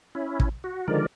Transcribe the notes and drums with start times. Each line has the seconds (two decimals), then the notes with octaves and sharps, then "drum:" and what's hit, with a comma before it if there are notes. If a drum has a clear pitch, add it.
0.15 C#4 E4
0.40 drum: kick
0.64 F#4
0.88 D3 D#3 F3 G#3 A#4 D5